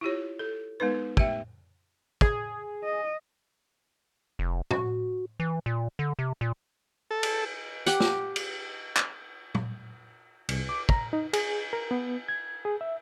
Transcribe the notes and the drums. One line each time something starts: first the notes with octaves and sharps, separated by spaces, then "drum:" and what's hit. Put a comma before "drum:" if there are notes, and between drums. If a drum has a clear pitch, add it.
E4 F4 G4 C#5
A4
G#3 B3 D#4 B4
A3 G4 E5 G5, drum: kick
G#4, drum: kick
D#5
F1
F#4, drum: tom
E3
A#2
D3
C3
A#2
A4
drum: cymbal
G4 F#5, drum: hi-hat
drum: snare
drum: cymbal
drum: clap
drum: tom
C2, drum: cymbal
D6
A#5, drum: kick
D#4
G#4, drum: cymbal
A#4
B3
G#6
G#4
E5